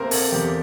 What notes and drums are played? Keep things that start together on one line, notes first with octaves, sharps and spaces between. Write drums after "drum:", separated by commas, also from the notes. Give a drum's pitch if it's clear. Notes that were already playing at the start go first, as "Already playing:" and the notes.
Already playing: C3 A#3 A#4 C5
A4, drum: open hi-hat
E2 G4